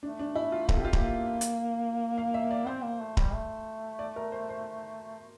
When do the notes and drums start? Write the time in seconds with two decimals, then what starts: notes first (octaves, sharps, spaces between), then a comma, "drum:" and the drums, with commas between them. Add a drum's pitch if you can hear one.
0.03 A3 D4
0.19 D4
0.35 E4
0.52 F4
0.69 A#3 A4, drum: kick D1
0.77 G4
0.82 C4 F4
0.93 A#3 G4, drum: kick D1
1.41 drum: hi-hat
2.18 F5
2.34 E5
2.51 D5
2.66 C4 C5
2.83 A#3
3.01 A3
3.17 G3, drum: kick D1
3.34 A3
3.99 D5
4.16 A#4
4.32 C5
4.49 C5